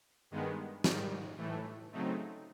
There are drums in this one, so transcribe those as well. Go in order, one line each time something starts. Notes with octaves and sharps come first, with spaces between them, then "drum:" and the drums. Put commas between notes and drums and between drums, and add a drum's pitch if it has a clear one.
G2 D#3 G#3 B3
G#2 D#3 G3, drum: snare
A2 E3 A3
C#3 F#3 A3 C4 D#4